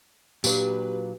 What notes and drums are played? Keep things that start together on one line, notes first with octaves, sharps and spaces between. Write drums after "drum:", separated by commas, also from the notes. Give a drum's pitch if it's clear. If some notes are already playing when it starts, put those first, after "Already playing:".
A#2 F#3 D4 G4 B4, drum: tambourine